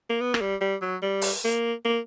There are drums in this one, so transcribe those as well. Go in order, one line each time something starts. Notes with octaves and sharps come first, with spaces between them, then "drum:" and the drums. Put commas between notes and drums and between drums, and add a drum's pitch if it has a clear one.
A#3
B3
A#3, drum: rim click
G3
G3
F#3
G3
drum: open hi-hat
A#3
A#3